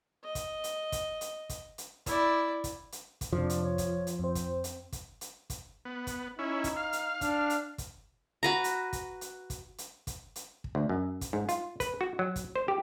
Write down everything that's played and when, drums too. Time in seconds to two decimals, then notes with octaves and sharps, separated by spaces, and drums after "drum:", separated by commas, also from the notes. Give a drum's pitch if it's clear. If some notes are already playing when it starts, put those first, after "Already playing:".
0.24 D#5
0.35 drum: kick, hi-hat
0.64 drum: hi-hat
0.92 drum: kick, hi-hat
1.21 drum: hi-hat
1.49 drum: kick, hi-hat
1.78 drum: hi-hat
2.06 E4 D5, drum: kick, hi-hat
2.64 drum: kick, hi-hat
2.92 drum: hi-hat
3.21 drum: kick, hi-hat
3.32 F2 C3 F3 D4
3.50 drum: hi-hat
3.63 C#5
3.78 drum: kick, hi-hat
4.07 drum: hi-hat
4.19 F2 C4 C5
4.35 drum: kick, hi-hat
4.64 drum: hi-hat
4.92 drum: kick, hi-hat
5.21 drum: hi-hat
5.50 drum: kick, hi-hat
5.85 B3
6.07 drum: kick, hi-hat
6.39 C#4 D#4 E4
6.64 drum: kick, hi-hat
6.76 F5
6.93 drum: hi-hat
7.21 D4, drum: kick, hi-hat
7.50 drum: hi-hat
7.78 drum: kick, hi-hat
8.43 F#4 B4 A#5
8.64 drum: hi-hat
8.93 drum: kick, hi-hat
9.21 drum: hi-hat
9.50 drum: kick, hi-hat
9.78 drum: hi-hat
10.07 drum: kick, hi-hat
10.36 drum: hi-hat
10.64 drum: kick
10.75 D2
10.89 F#2
11.21 drum: kick, hi-hat
11.33 G#2
11.49 F4, drum: hi-hat
11.80 B4, drum: kick, hi-hat
12.01 F#4
12.19 F#3
12.36 drum: kick, hi-hat
12.56 C5
12.68 G4